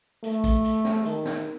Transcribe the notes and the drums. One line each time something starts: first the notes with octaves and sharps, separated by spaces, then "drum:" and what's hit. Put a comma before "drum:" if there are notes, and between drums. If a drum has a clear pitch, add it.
A3, drum: hi-hat
drum: kick A#1, hi-hat
drum: hi-hat
drum: snare
D#3, drum: hi-hat
drum: snare